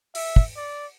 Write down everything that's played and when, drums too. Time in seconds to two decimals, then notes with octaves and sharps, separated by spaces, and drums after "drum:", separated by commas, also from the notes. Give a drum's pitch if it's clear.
0.15 E5, drum: open hi-hat
0.36 drum: kick
0.57 D5